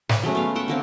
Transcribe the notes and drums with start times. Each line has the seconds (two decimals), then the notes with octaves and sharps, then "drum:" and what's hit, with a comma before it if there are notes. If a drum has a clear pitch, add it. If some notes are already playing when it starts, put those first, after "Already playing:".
0.09 B4, drum: snare
0.23 F#3 G#3 A3 C#4
0.35 B3 F5
0.55 E5 F#5 G5
0.68 D3 A#3 C4